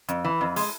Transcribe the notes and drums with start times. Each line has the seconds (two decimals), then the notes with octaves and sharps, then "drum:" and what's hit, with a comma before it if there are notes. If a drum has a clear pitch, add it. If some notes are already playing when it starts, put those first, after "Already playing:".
0.09 F2, drum: hi-hat
0.25 E3
0.41 F2
0.56 G#3, drum: open hi-hat